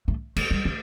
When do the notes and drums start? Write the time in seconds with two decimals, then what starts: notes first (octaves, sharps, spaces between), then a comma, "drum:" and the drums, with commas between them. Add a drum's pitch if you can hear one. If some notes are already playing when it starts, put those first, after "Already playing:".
0.08 A3
0.36 A3, drum: cymbal
0.51 G3
0.65 A3